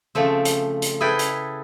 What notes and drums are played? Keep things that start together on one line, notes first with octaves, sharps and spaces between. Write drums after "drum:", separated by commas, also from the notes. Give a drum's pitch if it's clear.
C#3 F3 A3 C4
drum: hi-hat
drum: hi-hat
E4 G#4 A4 B4 G5
drum: hi-hat